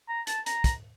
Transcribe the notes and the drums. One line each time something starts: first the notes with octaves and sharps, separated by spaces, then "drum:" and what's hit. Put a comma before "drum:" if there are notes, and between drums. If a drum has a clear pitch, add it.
A#5
A5, drum: hi-hat
A#5, drum: hi-hat
drum: kick, hi-hat